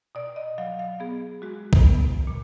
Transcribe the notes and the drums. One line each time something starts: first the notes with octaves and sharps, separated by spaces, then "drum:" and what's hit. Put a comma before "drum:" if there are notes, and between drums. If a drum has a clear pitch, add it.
B2 D5
D#5
F#3 F5
F5
B3 G#4
G#3 F#4
drum: kick
B3
A#2